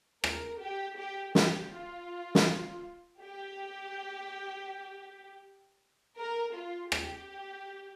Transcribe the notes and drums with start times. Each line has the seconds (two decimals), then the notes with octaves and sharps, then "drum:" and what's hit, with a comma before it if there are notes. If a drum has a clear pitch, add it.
0.24 A#4, drum: rim click
0.60 G4
0.97 G4
1.35 G4, drum: snare
1.72 F4
2.35 drum: snare
3.20 G4
6.18 A#4
6.55 F4
6.92 G4, drum: rim click